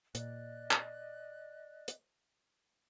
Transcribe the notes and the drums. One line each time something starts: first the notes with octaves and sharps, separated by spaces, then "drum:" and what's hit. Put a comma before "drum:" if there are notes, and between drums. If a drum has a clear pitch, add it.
A#2 D5 D#5 F#6, drum: hi-hat
drum: clap
drum: hi-hat